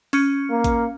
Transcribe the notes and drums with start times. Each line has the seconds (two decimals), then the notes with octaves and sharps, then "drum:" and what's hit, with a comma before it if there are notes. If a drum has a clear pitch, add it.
0.13 C#4 F6 C#7, drum: open hi-hat
0.51 A#3
0.64 drum: kick A1, hi-hat